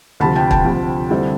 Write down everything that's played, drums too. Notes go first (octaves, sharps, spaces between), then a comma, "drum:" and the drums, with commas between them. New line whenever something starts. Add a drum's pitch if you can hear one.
D2 C3 F3 A5 B5
G5 A5
G5 A5, drum: kick
D2 C3 F3
D3 G3 C4 E4